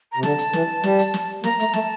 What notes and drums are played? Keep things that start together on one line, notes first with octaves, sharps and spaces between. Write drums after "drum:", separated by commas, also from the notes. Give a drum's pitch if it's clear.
C3 A#5
D3 A5, drum: snare
drum: hi-hat
E3, drum: snare
G3, drum: snare
drum: hi-hat
drum: snare
A#3 A#5, drum: snare
A3, drum: hi-hat
A3 A5, drum: snare